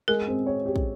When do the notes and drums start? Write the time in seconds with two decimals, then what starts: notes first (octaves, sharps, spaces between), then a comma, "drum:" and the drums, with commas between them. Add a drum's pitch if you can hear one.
0.08 G#3 A#4
0.27 C4
0.47 C#5
0.66 G4
0.76 drum: kick